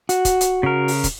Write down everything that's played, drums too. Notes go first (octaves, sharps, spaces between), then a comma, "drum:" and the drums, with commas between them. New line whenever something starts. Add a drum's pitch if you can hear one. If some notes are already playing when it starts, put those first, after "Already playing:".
F#4, drum: hi-hat
drum: kick, hi-hat
drum: hi-hat
C#3 A#4
drum: open hi-hat
drum: kick, hi-hat